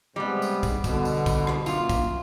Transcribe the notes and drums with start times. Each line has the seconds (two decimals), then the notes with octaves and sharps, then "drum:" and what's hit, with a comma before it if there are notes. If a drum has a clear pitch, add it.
0.16 C3 G3 G#3 B3
0.42 drum: tambourine
0.63 drum: kick, tambourine
0.84 B2 D3, drum: kick, tambourine
1.05 drum: tambourine
1.26 drum: kick, tambourine
1.47 drum: rim click
1.66 F#2 A#3 F4, drum: tambourine
1.89 drum: kick, tambourine